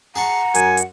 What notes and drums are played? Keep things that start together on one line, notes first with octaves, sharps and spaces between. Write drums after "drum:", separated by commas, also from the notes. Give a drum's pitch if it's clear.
G#4 F#5 A5 A#5 C#6
F#2 G#5, drum: hi-hat
drum: hi-hat